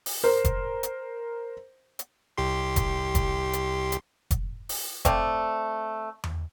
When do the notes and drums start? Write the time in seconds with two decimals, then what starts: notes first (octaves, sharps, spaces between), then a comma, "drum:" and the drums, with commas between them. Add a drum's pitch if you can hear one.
0.06 drum: open hi-hat
0.24 A#4 C5
0.44 drum: kick F1, hi-hat
0.83 drum: hi-hat
1.99 drum: hi-hat
2.38 C2 G4 C6
2.76 drum: kick F1, hi-hat
3.15 drum: kick F1, hi-hat
3.53 drum: hi-hat
3.92 drum: hi-hat
4.31 drum: kick F1, hi-hat
4.69 drum: open hi-hat
5.05 A3 C4 D5 F5, drum: kick F1, hi-hat
6.24 drum: tom E2